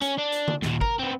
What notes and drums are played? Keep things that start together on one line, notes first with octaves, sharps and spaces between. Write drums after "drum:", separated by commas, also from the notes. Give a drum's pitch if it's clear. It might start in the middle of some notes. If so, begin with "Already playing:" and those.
C#4, drum: hi-hat
D4
drum: hi-hat
drum: tom D3
D#2 A#2, drum: snare
A#4, drum: kick G#1
B3 C4